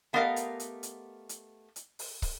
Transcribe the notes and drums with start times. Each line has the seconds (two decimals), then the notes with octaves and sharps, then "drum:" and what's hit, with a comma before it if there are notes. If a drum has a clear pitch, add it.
0.13 A3 B3 G4 A#4 D#5 F5
0.36 drum: hi-hat
0.60 drum: hi-hat
0.83 drum: hi-hat
1.29 drum: hi-hat
1.76 drum: hi-hat
1.99 drum: open hi-hat
2.22 drum: kick, open hi-hat